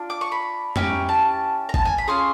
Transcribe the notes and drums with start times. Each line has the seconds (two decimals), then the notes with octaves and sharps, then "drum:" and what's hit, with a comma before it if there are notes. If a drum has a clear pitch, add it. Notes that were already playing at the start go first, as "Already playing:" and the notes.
Already playing: D4 F4
0.10 D6
0.21 C#6
0.32 B5
0.76 C#4 E4 G4 A#5, drum: tom F2
1.09 A5
1.69 A#5
1.74 A5, drum: kick
1.85 G#5
1.98 B5
2.08 C#4 F4 G#4 C6